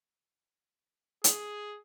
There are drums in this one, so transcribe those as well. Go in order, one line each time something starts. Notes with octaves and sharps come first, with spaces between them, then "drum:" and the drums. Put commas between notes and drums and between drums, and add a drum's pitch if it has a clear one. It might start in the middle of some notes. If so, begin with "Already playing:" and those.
G#4, drum: hi-hat